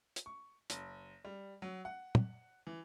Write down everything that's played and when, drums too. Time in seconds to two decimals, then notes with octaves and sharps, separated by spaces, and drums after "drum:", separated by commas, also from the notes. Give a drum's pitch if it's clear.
0.16 drum: hi-hat
0.26 C#6
0.70 F#1, drum: hi-hat
1.25 G3
1.62 F#3
1.85 F#5
2.15 drum: tom
2.67 E3